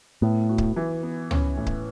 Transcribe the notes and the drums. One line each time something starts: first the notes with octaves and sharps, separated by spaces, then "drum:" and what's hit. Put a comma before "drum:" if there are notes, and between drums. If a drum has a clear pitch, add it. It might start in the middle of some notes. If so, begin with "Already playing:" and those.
A2 B3
F#4
drum: kick C#1
E3
B3
C#4, drum: tom C#2
A2
drum: kick C#1